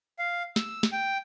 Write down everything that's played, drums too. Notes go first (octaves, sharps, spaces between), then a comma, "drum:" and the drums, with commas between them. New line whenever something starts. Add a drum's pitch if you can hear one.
F5
E6, drum: snare
drum: snare
G5